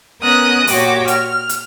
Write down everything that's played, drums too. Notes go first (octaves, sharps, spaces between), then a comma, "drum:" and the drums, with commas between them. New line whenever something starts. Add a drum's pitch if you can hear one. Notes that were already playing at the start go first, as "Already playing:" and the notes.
B3 C#4 A#4 D#5 D#6 F#6
A#2 F#4 G4 C#5 G5 D6, drum: open hi-hat
F6, drum: hi-hat
drum: hi-hat